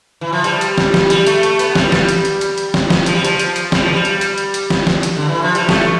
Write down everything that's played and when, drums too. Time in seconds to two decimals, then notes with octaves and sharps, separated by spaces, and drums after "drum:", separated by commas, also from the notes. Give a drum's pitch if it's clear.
0.21 E3
0.33 F3
0.44 G3, drum: hi-hat
0.61 drum: hi-hat
0.78 drum: snare
0.94 drum: snare
1.10 G3, drum: hi-hat
1.26 A3, drum: hi-hat
1.43 A3, drum: hi-hat
1.59 B3, drum: hi-hat
1.75 G3, drum: snare
1.92 drum: snare
2.09 drum: hi-hat
2.25 drum: hi-hat
2.41 drum: hi-hat
2.58 drum: hi-hat
2.74 drum: snare
2.90 drum: snare
3.06 F3, drum: hi-hat
3.15 G3
3.24 F3, drum: hi-hat
3.39 drum: hi-hat
3.56 drum: hi-hat
3.72 G3, drum: snare
3.82 F3
3.93 G3
4.05 drum: hi-hat
4.21 drum: hi-hat
4.38 drum: hi-hat
4.54 drum: hi-hat
4.70 drum: snare
4.87 drum: snare
5.03 drum: hi-hat
5.16 D3
5.29 E3
5.42 F3
5.55 G3, drum: hi-hat
5.69 A3, drum: snare